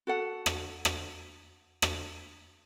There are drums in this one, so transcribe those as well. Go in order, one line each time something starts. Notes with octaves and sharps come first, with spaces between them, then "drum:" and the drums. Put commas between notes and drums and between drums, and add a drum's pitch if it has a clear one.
F#4 A4 F#5
drum: rim click
drum: rim click
drum: rim click